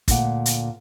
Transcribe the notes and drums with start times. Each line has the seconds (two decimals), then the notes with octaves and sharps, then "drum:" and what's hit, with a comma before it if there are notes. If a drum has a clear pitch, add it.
0.08 D2 A#2 F#5, drum: kick, hi-hat
0.46 drum: hi-hat